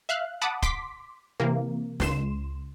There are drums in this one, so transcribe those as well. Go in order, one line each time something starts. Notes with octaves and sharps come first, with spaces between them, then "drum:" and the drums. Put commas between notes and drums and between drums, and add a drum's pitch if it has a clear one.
E5 F5 F#6
F#5 A5 B5 D6 D#6
C6 D6 B6, drum: kick
C3 E3 A#3
C#2 C6 E7, drum: snare